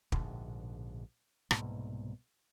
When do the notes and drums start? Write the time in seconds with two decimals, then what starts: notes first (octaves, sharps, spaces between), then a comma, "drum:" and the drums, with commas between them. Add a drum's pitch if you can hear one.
0.12 A#1 G#2 B2 D3, drum: kick
1.51 C2 G#2 B2 A#3, drum: rim click